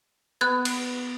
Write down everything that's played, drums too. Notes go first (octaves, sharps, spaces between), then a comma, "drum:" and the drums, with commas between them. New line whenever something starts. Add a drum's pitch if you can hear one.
B3 F#6 G#6 A6
drum: cymbal